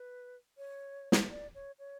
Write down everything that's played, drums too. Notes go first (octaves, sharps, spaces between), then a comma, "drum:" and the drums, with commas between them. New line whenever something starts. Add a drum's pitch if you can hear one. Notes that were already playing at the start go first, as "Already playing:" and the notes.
Already playing: B4
C#5
drum: snare
D5
C#5
C#5